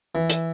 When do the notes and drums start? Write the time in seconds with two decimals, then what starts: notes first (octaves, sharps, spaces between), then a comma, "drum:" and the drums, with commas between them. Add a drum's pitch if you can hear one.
0.15 E3
0.30 drum: hi-hat